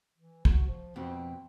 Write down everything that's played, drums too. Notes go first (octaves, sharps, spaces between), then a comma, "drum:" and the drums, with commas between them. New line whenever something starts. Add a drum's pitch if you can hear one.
E3
F#4, drum: kick
F3
F2 B2 C4